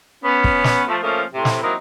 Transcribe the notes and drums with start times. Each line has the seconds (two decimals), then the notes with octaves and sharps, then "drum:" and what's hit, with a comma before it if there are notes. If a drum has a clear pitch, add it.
0.24 B3 C#4
0.44 drum: kick
0.64 drum: snare
0.87 F3 A3
1.02 F3 A3 A#3 C#4 D#5
1.33 A2 C3
1.45 drum: snare
1.62 F#3 A#3 C4 D#4 E4